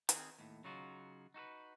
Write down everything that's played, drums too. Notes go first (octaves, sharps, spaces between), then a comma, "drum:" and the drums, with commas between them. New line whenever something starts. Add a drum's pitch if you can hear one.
D#3 C4 G#4, drum: hi-hat
D#2 A2
C#3 F#3 D#4 F4 F#4
D#4 F#4 A4 B4